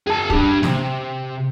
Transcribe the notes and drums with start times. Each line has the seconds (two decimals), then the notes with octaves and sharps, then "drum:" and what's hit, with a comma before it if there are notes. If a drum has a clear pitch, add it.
0.07 G#4 A5
0.30 D4 G4, drum: kick
0.63 C3, drum: snare